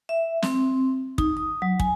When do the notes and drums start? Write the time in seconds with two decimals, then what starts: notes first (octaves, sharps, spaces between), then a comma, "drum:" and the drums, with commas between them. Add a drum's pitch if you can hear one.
0.09 E5
0.43 C4, drum: snare
1.18 D#4, drum: kick
1.37 D#6
1.62 F#3
1.80 G#5, drum: kick